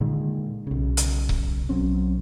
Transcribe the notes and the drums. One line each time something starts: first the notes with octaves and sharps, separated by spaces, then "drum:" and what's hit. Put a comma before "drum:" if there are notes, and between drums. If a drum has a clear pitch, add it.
A#2 D3 D#3 G#3
B1 C#3
drum: hi-hat
drum: kick C#1
B1 F#3 C4 C#4